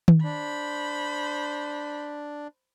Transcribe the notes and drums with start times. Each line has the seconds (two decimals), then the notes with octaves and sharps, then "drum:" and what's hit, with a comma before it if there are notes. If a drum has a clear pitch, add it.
0.08 drum: tom D#3
0.24 D4 C5 B5